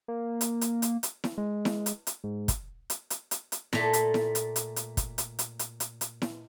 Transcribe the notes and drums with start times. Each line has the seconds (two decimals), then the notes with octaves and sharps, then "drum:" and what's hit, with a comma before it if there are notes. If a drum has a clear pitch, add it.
0.08 A#3
0.41 drum: hi-hat
0.61 drum: hi-hat
0.82 drum: hi-hat
1.03 drum: hi-hat
1.24 drum: snare E4
1.38 G#3
1.65 drum: snare E4
1.86 drum: hi-hat
2.07 drum: hi-hat
2.24 G#2
2.48 drum: kick, hi-hat
2.90 drum: hi-hat
3.10 drum: hi-hat
3.31 drum: hi-hat
3.52 drum: hi-hat
3.73 A#2 A3, drum: snare E4
3.93 drum: hi-hat
4.14 drum: snare E4
4.35 drum: hi-hat
4.56 drum: hi-hat
4.76 drum: hi-hat
4.97 drum: kick, hi-hat
5.18 drum: hi-hat
5.39 drum: hi-hat
5.59 drum: hi-hat
5.80 drum: hi-hat
6.01 drum: hi-hat
6.22 drum: snare E4